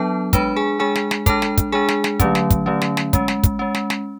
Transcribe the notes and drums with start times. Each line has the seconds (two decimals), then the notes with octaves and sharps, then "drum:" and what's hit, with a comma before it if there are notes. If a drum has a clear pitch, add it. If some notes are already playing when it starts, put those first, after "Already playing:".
Already playing: F#3 B3 D4 A4 A5
0.33 G#3 D4 B4 B5, drum: kick, hi-hat
0.56 G#4 G#5
0.79 G#3 D4 G#4 G#5
0.95 drum: snare
1.11 drum: snare
1.26 G#3 D4 A4 A5, drum: kick, hi-hat
1.42 drum: snare
1.57 drum: kick, hi-hat
1.72 G#3 D4 G#4 G#5
1.88 drum: snare
2.04 drum: snare
2.20 D3 F#3 A3 C#4, drum: kick, hi-hat
2.35 drum: snare
2.50 drum: kick, hi-hat
2.66 D3 F#3 A3 C#4
2.81 drum: snare
2.97 drum: snare
3.13 G#3 C#4, drum: kick, hi-hat
3.28 drum: snare
3.43 drum: kick, hi-hat
3.59 G#3 C#4
3.74 drum: snare
3.90 drum: snare